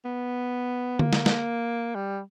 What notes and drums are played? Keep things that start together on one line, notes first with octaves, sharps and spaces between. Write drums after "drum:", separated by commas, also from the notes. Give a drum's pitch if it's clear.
B3
A#3, drum: tom D3
drum: snare
drum: snare
G3